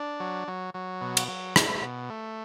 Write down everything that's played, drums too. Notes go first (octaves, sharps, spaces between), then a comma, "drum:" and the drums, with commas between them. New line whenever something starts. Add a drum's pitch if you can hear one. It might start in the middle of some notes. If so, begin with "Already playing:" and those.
Already playing: D4
F#3
F#3
F#3
B2
drum: cymbal
F#3
A3, drum: rim click
B2
A3